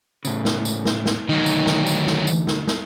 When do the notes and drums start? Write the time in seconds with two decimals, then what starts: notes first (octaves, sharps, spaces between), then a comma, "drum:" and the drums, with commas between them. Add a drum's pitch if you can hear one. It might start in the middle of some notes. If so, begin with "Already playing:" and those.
0.25 A2 C#3, drum: tambourine
0.45 drum: snare
0.65 drum: tambourine
0.85 drum: snare
1.06 drum: snare
1.29 D2 D#3 F#3 D#4
1.46 drum: tambourine
1.66 drum: snare
1.87 drum: tambourine
2.07 drum: snare
2.27 drum: tambourine
2.47 drum: snare
2.67 drum: snare